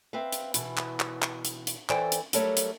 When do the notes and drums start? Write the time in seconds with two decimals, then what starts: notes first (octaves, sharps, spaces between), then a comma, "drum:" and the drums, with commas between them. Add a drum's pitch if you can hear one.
0.13 C4 B4 E5 F5
0.33 drum: hi-hat
0.54 B2 E3, drum: hi-hat
0.77 drum: clap
1.00 drum: clap
1.22 drum: clap
1.45 drum: hi-hat
1.67 drum: hi-hat
1.89 E3 A4 C5 D5 G5, drum: clap
2.12 drum: hi-hat
2.33 F#3 G3 A3 A4 A#4 C#5, drum: hi-hat
2.57 drum: hi-hat